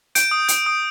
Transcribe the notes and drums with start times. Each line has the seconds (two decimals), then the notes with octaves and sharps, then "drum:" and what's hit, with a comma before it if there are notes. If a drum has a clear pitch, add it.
0.15 G6 D7, drum: hi-hat
0.31 D#6
0.48 G6, drum: hi-hat
0.66 D#6